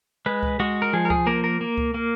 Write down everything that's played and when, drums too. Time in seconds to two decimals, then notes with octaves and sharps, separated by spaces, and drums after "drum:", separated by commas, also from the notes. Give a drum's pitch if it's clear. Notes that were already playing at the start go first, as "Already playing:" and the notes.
0.26 G#3 B4
0.43 drum: kick C#2
0.60 G#3 F#4
0.82 A#4
0.93 F3 G#4
1.05 A#4
1.10 G#4, drum: kick C#2
1.26 A#3 A#4
1.44 A#4
1.61 A#3
1.78 drum: kick C#2
1.94 A#3